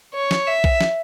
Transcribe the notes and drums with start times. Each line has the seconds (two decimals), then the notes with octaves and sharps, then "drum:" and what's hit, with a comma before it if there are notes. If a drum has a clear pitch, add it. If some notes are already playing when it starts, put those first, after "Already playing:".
0.14 C#5
0.31 drum: snare
0.47 E5
0.64 drum: kick B1
0.81 drum: snare